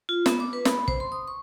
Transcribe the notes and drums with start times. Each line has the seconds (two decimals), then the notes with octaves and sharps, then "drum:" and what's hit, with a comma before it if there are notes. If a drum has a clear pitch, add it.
0.09 F4
0.26 B3, drum: snare
0.40 D6
0.53 B4
0.65 B5, drum: snare
0.88 C5, drum: kick
1.00 C6
1.12 D#6
1.28 C#6